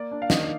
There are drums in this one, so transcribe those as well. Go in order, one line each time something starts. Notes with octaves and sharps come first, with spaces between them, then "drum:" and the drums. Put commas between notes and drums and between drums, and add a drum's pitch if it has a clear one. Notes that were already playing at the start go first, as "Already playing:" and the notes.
Already playing: A#3 D5
D4
F5
D#3 D#5, drum: snare